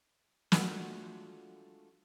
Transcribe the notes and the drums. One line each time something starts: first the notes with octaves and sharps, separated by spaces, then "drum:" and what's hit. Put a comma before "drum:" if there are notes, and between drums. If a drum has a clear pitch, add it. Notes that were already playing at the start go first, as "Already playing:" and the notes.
G#3 A3 D4 F4 F#4, drum: snare